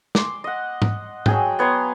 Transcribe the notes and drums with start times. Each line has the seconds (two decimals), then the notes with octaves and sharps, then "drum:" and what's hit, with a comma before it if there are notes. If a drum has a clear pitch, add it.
0.15 C6 D6, drum: snare
0.44 D#5 F#5
0.82 drum: tom G#2
1.26 F#3 G#4 G5, drum: tom G#2
1.59 B3 C#5 A#5 C6